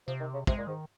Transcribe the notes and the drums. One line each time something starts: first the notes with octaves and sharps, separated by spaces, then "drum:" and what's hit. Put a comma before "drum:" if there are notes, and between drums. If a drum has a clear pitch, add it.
C3 F3
D#3
C#3
C3 G#3, drum: kick
A#2
G#2 D#3